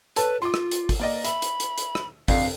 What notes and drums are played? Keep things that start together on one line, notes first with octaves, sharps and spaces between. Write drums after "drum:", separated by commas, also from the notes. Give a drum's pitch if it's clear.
A4 B4 C#5 A5, drum: hi-hat
F4 C6 D6
drum: rim click
drum: hi-hat
drum: kick, open hi-hat
A#3 D5 D#5
E5 B5, drum: hi-hat
drum: hi-hat
drum: hi-hat
drum: hi-hat
drum: rim click
F2 C3 D4 F5, drum: kick, open hi-hat